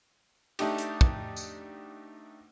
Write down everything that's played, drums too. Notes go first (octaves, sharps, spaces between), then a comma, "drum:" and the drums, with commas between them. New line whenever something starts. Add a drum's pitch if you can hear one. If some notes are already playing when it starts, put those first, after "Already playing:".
A3 D4 D#4 G4, drum: cymbal
drum: hi-hat
drum: kick
drum: tambourine